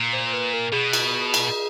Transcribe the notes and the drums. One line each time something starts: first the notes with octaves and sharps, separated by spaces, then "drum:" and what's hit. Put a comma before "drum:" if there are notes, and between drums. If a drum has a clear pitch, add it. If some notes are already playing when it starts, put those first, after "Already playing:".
Already playing: A#2
C5
C5
B4
A#4
B2 G#4
drum: cymbal
drum: cymbal